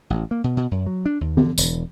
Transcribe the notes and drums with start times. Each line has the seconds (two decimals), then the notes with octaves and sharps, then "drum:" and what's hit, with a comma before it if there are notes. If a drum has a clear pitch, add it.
0.10 A1
0.31 A#3
0.44 B2
0.57 B2
0.71 F#2
0.86 F#3
1.06 D4
1.21 D#2
1.37 D3, drum: tom
1.58 E1, drum: tambourine